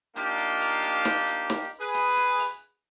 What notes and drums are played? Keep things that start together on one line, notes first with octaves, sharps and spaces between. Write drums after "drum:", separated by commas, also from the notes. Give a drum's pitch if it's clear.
A#3 D4 D#4 F4 G4, drum: hi-hat
drum: hi-hat
drum: open hi-hat
drum: hi-hat
drum: snare
drum: hi-hat
drum: snare
G#4 B4
drum: hi-hat
drum: hi-hat
drum: open hi-hat